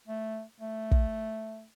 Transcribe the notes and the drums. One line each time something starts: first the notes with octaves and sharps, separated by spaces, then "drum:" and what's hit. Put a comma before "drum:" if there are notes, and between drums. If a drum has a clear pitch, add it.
A3
A3
drum: kick